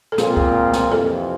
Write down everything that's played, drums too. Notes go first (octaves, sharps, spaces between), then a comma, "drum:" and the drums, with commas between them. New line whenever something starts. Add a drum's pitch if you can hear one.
A4
A#2 F3 G#3 C4 F4 G#4, drum: snare
drum: kick C2
drum: snare
F2 C3 E3 A4